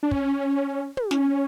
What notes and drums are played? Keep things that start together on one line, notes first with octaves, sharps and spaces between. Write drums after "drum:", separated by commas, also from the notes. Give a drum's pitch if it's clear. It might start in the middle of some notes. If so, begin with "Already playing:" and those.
D4
C#4, drum: kick
drum: tom
C#4, drum: snare